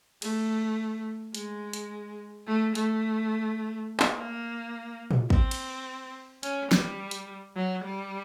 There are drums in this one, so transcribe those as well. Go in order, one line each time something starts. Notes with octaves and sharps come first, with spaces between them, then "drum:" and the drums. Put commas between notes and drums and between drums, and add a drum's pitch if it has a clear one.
A3, drum: cymbal
G#3, drum: hi-hat
drum: hi-hat
A3
A3, drum: hi-hat
drum: clap
A#3
drum: tom A2
C4, drum: kick
drum: cymbal
C#4, drum: hi-hat
G3, drum: snare
drum: hi-hat
F#3
G3